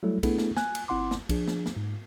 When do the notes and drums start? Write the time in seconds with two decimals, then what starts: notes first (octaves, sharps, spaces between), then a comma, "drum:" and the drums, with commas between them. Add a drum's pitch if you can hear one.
0.03 F#3 G3 A3 E4 A4
0.23 A3 B3 D4 E4 G#4 A4, drum: kick B1, cymbal
0.38 drum: snare
0.57 G#5 F#6, drum: snare
0.75 drum: cymbal
0.88 G1 C4 E4 F#5 C6 D6
1.11 drum: snare
1.29 F3 D4 G#4, drum: kick B1, cymbal
1.48 drum: snare
1.66 drum: snare
1.76 G#2